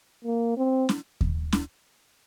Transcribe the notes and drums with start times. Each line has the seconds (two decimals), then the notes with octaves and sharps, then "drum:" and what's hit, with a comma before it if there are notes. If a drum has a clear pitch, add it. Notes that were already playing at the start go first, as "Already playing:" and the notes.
0.25 A#3
0.57 C4
0.89 drum: snare
1.21 drum: kick D#2
1.52 drum: snare